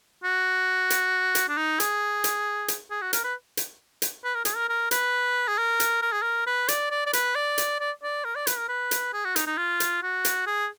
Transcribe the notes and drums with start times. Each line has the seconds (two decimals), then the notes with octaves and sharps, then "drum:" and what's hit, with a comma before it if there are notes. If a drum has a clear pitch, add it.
0.23 F#4
0.90 drum: hi-hat
1.35 drum: hi-hat
1.48 D4
1.57 D#4
1.80 G#4, drum: hi-hat
2.24 drum: hi-hat
2.68 drum: hi-hat
2.90 G#4
3.02 F#4
3.13 A#4, drum: hi-hat
3.24 B4
3.57 drum: hi-hat
4.02 drum: hi-hat
4.24 B4
4.35 A#4
4.45 G#4, drum: hi-hat
4.56 A#4
4.69 A#4
4.91 B4, drum: hi-hat
5.48 G#4
5.58 A#4
5.80 drum: hi-hat
6.02 A#4
6.12 G#4
6.22 A#4
6.47 B4
6.68 D5, drum: hi-hat
6.91 D5
7.06 D5
7.13 B4, drum: hi-hat
7.36 D5
7.58 drum: hi-hat
7.80 D5
8.03 D5
8.24 A#4
8.35 D5
8.47 B4, drum: hi-hat
8.58 A#4
8.69 B4
8.91 drum: hi-hat
9.13 G#4
9.25 F#4
9.36 D#4, drum: hi-hat
9.47 D#4
9.58 F4
9.80 drum: hi-hat
10.03 F#4
10.25 drum: hi-hat
10.47 G#4